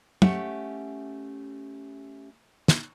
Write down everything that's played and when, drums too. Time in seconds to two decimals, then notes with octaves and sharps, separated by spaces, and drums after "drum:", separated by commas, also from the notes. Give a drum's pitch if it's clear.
0.22 A3 C#4 G4 E5 F#5, drum: tom
2.68 drum: snare